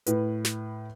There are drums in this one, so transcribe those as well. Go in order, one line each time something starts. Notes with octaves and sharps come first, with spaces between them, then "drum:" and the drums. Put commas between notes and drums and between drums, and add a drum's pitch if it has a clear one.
A2 B4, drum: hi-hat
drum: snare